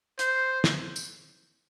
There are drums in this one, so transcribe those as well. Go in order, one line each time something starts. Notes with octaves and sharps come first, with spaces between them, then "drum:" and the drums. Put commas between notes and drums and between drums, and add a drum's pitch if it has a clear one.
C5, drum: hi-hat
drum: snare
drum: tambourine